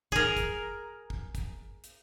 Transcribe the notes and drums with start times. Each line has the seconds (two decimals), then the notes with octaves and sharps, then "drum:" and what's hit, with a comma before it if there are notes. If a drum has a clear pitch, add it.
0.12 G#4 A#4, drum: kick
0.37 drum: kick, hi-hat
1.10 drum: kick
1.35 drum: kick, hi-hat
1.84 drum: hi-hat